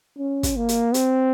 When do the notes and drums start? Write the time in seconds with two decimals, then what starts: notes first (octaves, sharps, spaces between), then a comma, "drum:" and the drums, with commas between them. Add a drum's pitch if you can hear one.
0.18 C#4
0.43 drum: kick, hi-hat
0.56 A#3
0.69 drum: hi-hat
0.94 C4, drum: hi-hat